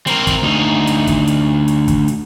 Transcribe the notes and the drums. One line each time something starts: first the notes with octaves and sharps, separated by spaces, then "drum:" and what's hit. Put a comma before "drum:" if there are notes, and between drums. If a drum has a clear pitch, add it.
C4 A#4, drum: hi-hat
drum: kick, hi-hat
D2 D#4
drum: hi-hat
drum: kick, hi-hat
drum: hi-hat
drum: hi-hat
drum: kick, hi-hat
drum: hi-hat